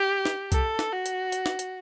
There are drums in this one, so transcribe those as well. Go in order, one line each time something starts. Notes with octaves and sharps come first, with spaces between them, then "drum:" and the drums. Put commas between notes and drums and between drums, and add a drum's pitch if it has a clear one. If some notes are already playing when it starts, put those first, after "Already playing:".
Already playing: G4
drum: snare
A4, drum: kick, hi-hat
drum: snare
F#4
drum: hi-hat
drum: hi-hat
drum: snare
drum: hi-hat